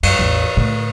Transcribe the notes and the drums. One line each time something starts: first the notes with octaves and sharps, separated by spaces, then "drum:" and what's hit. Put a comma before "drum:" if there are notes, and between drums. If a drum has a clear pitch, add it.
F#2, drum: cymbal
A1 E2
A2 D3